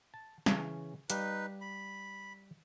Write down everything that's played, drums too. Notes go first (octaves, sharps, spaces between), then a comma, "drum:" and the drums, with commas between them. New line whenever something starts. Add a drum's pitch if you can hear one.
A5
C#3 E3 C#4, drum: snare
G3 D#4 G4 B4 F5, drum: hi-hat
B5